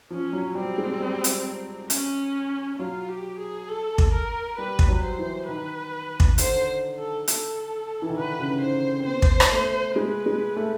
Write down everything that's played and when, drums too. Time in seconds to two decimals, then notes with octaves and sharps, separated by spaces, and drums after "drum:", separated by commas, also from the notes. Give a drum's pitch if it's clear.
0.10 F3 C#4
0.33 F#3
0.55 G3 C4
0.78 G#3
1.00 G3
1.24 drum: hi-hat
1.90 C#4, drum: hi-hat
2.79 F#3 F4
3.09 G4
3.39 G#4
3.69 A4
3.98 drum: kick
4.13 A#4
4.58 G3 B4
4.79 drum: kick
4.88 F#3
5.03 C5
5.18 E3
5.48 D#3 B4
6.20 drum: kick
6.38 D3 C5, drum: hi-hat
6.98 A4
7.28 A4, drum: hi-hat
8.02 E3
8.09 D#3
8.17 D3 B4
8.39 C#3
8.61 D#3 C5
9.00 C4
9.06 B3 C5
9.22 drum: kick
9.40 drum: rim click
9.52 A3
9.96 G#3 B4
10.26 G#3
10.56 A3